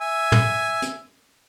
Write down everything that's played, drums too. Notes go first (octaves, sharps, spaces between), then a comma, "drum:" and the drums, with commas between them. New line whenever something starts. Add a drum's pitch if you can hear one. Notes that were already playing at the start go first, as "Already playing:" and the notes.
E5 G#5
drum: tom
drum: hi-hat